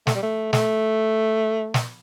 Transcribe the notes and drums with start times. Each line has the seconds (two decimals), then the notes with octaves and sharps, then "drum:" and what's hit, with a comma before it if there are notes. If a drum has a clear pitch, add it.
0.07 A3, drum: snare
0.15 G3
0.23 A3
0.53 A3, drum: snare
1.74 drum: snare